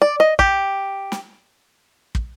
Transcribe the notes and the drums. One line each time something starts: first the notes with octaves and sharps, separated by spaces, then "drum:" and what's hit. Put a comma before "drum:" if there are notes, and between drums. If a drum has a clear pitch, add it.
D5
D#5
G4, drum: kick
drum: snare
drum: kick